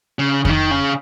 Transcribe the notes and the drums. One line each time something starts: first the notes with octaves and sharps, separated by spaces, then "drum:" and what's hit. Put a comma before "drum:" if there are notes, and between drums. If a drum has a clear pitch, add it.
C#3
C#3, drum: kick F2
D#3
C#3